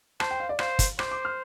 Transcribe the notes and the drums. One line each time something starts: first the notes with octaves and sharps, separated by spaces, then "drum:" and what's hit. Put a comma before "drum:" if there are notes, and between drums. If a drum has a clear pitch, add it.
C5 A5, drum: rim click
G5
F5
D5
C5 F5, drum: rim click
drum: kick, hi-hat
C5 D6, drum: rim click
D6
F6